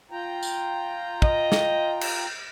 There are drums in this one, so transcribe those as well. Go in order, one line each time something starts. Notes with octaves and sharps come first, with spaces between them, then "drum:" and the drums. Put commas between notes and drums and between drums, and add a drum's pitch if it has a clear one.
F4 G5 A#5
drum: tambourine
D#5, drum: kick
drum: snare
drum: cymbal